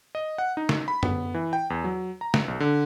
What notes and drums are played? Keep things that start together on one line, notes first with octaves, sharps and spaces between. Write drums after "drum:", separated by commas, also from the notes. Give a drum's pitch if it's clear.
D#5
F#5
D#4
drum: snare
B5
B3, drum: tom
E3
G5
E2
F#3
A#5
drum: snare
B1
D3